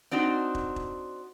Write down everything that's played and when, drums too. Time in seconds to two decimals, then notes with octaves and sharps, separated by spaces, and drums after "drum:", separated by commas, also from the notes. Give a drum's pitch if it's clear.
0.11 C4 D4 D#4 F#4
0.55 drum: kick
0.76 drum: kick